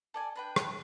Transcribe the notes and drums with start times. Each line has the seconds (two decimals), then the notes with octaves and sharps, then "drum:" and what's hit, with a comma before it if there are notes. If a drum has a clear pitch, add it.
0.14 A4 D5 G#5
0.35 D4 B4 G5
0.56 drum: rim click